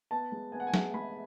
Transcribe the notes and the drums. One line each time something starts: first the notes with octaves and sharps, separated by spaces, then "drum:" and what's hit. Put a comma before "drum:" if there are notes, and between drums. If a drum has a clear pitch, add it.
B3 A5
G#3
B3 G#5
F#5
G#5
G#3, drum: snare
G#3 B5